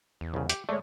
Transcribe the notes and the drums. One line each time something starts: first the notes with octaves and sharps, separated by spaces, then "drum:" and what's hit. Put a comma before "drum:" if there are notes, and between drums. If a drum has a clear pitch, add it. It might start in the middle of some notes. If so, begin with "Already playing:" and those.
E2
C2 C#3
G4, drum: hi-hat
G#3 A3 C#5 D5